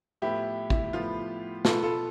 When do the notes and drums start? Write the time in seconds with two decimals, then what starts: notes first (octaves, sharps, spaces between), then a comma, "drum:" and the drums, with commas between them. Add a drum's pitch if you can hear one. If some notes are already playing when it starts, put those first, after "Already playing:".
0.22 A2 F3 B3 E4 G4
0.70 E4, drum: kick
0.93 A2 F3 B3 F4
1.65 B2 B3 F4 A4, drum: snare
1.83 F4 A4